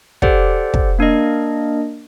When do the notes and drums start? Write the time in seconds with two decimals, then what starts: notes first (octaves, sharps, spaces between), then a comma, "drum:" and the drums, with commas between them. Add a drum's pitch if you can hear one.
0.22 G4 A4 C5 D5 F#5, drum: kick
0.74 drum: kick
0.99 A#3 D4 A#4 D#5